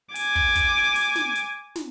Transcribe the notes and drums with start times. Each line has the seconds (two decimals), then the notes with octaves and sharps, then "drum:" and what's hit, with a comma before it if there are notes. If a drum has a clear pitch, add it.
0.15 G#5 D6, drum: open hi-hat
0.35 drum: kick
0.55 drum: kick, hi-hat
0.95 drum: open hi-hat
1.15 drum: snare
1.36 drum: hi-hat
1.76 drum: snare